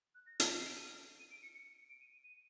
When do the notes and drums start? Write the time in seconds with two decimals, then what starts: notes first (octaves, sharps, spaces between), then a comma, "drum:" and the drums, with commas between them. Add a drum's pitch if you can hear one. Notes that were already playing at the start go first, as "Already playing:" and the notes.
0.15 F#6
0.26 A#6
0.40 drum: hi-hat
0.49 B6
0.58 C7
0.66 D7
0.76 D#7
1.19 D#7
1.31 D7
1.43 C#7
1.54 C#7
1.89 D7
2.01 D#7
2.13 D#7
2.24 D#7